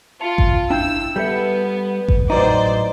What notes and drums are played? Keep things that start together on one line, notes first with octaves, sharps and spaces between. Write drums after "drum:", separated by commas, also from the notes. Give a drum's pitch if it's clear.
F4 A5 C#7 F7
drum: kick G#1
D4 E4 G5 E6 G6
G3 B3 A4 E5 G6 C#7
drum: kick G#1
A2 F#3 D#4 B4 C5 D5 D#5 A#5